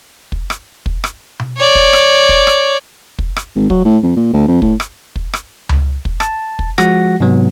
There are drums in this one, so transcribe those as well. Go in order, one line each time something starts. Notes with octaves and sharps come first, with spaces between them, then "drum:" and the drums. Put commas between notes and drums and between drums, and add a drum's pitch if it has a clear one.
drum: kick
drum: rim click
drum: kick
drum: rim click
drum: tom B2
C#5 D5
drum: kick
drum: rim click
drum: kick
drum: rim click
drum: kick
drum: rim click
G#1
F#3, drum: kick
A2
F2
A#2
D2
F2
A2, drum: kick
drum: rim click
drum: kick
drum: rim click
drum: tom C#2
drum: kick
A5, drum: rim click
drum: kick
F3 G#3 F#4 F#5 A#6, drum: rim click
G#2 C3 F#3 B3